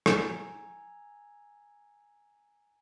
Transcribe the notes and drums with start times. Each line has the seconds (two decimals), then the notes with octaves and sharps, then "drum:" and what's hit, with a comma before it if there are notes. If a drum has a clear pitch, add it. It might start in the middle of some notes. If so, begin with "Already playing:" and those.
0.06 G#5 A#5 E6 G#6 F7, drum: rim click